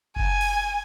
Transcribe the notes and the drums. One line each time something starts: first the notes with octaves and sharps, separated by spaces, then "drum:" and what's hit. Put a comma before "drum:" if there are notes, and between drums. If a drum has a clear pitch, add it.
G#5, drum: kick F#1
drum: cymbal